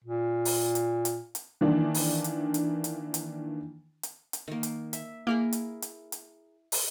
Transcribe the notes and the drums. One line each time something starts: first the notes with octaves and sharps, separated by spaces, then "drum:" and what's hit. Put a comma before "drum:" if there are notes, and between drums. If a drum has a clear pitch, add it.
A#2
drum: open hi-hat
drum: hi-hat
drum: hi-hat
drum: hi-hat
D#3 E3 A#3 D4
drum: open hi-hat
drum: hi-hat
drum: hi-hat
drum: hi-hat
drum: hi-hat
drum: hi-hat
drum: hi-hat
D#3 A#3
drum: hi-hat
E5, drum: hi-hat
A#3 E4 G#4 A#4
drum: hi-hat
drum: hi-hat
drum: hi-hat
drum: open hi-hat